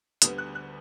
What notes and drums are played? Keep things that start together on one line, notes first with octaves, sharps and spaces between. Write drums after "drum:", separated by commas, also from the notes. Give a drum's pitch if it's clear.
D2 D3 G3 B3 D#6, drum: hi-hat
F#6
F#6